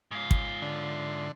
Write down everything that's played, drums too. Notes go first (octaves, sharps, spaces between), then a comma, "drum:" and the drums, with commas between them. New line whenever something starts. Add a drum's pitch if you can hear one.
G#2 F4
drum: kick
D3